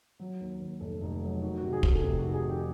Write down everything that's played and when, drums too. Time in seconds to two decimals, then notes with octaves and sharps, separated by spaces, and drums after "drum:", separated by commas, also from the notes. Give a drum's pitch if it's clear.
0.19 F#3
0.41 D#2
0.60 D#2
0.81 F1 A4
1.01 F1
1.22 F#3
1.42 D#3 F#4
1.57 F#4
1.63 C3
1.73 G#4
1.83 F1, drum: kick
1.88 A4
2.03 C3
2.19 F#4
2.24 D#3
2.34 G#4
2.44 F2
2.49 G4